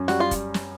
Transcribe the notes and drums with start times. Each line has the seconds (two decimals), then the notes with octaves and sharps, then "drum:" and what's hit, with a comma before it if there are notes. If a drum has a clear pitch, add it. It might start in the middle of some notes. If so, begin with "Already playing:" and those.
Already playing: F#2
0.08 G3 F#4, drum: snare
0.20 F4
0.31 drum: kick, hi-hat
0.54 drum: snare